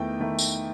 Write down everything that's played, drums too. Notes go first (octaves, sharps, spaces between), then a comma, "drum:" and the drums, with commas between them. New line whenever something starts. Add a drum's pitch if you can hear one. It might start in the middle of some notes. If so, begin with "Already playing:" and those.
Already playing: E2 D#3 A3 E4 G5
D#3 A3 E4
drum: tambourine